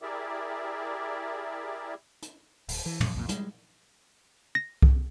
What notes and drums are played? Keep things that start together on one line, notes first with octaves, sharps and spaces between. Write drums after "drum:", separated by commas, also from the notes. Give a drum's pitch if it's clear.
E4 G4 G#4 A#4 D5 E5
drum: hi-hat
D1, drum: open hi-hat
E3
F#2, drum: tom
B1 F2 A#2
G3 G#3, drum: hi-hat
A#6
drum: kick C2